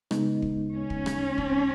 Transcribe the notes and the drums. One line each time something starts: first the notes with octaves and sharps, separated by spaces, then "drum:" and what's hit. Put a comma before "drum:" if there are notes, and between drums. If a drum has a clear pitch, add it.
C#3 G#3 B3 D#4, drum: rim click
drum: kick
C#4
drum: kick
drum: rim click
drum: kick